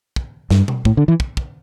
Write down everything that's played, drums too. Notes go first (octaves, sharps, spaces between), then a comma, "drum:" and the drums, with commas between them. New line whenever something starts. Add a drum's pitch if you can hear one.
drum: kick
G2, drum: snare
drum: tom B2
A2, drum: kick
D3
E3
drum: kick
drum: kick